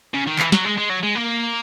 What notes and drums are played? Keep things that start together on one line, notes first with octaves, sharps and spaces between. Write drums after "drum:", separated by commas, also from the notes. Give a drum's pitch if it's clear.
C#3
D#3
E3, drum: clap
F#3, drum: snare
G#3
G#3
F#3
G#3
A#3